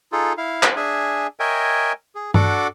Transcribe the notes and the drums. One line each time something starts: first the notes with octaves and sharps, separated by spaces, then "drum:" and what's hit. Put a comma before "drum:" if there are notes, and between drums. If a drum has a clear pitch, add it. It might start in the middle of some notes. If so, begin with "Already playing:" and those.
D#4 F4 G#4 A4
E4 F5
drum: clap
D4 G#4 E5 G#5
A#4 C#5 D#5 E5 G5 G#5
G#4
D4 F#4 A4 F#5 D6, drum: tom G2